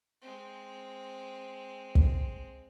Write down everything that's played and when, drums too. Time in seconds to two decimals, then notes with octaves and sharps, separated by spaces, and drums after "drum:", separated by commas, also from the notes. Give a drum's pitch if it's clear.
0.22 G#3 C4
1.95 drum: kick